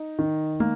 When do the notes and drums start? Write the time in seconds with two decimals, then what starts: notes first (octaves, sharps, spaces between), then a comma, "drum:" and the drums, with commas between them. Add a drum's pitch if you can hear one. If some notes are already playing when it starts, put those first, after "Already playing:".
Already playing: D#4
0.19 D#3
0.60 A#3, drum: tom